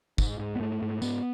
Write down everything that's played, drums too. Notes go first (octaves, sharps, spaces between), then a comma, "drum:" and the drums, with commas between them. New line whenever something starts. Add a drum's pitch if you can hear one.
G#2, drum: kick, tambourine
G#2
B3
G#2 A3
G#2
G#2 B3, drum: tambourine